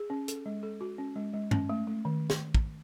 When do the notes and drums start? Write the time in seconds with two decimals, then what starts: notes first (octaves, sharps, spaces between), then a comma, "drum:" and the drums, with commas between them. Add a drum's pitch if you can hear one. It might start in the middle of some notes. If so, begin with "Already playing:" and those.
Already playing: G#4
0.10 C#4
0.28 A4, drum: hi-hat
0.46 G#3
0.63 A4
0.81 F#4
0.98 C#4
1.16 G#3
1.33 G#3
1.51 C#4, drum: tom G2
1.69 A3
1.87 A3
2.05 D#3
2.30 drum: snare
2.55 drum: kick